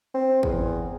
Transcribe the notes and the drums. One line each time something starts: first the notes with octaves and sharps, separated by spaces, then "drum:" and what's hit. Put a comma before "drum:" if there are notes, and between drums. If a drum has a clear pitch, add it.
C4
E2, drum: kick